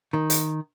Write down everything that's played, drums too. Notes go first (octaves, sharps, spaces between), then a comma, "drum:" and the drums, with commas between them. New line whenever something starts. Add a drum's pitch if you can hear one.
D#3
drum: hi-hat